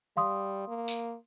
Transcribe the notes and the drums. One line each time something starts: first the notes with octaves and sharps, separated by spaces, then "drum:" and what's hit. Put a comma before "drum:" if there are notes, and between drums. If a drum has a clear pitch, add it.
G3 F5 C6 D#6
A#3
drum: tambourine